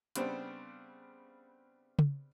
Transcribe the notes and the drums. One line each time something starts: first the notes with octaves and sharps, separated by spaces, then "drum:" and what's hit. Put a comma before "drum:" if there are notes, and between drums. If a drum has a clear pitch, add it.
C#3 G3 B3 C4 D4 C5, drum: hi-hat
drum: tom C#3